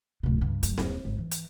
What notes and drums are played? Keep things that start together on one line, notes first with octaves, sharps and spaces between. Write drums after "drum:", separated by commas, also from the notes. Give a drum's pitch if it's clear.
D1 C3
C#2 G2
F1 F#2, drum: hi-hat
D#1, drum: snare C4
G#1
E3
drum: hi-hat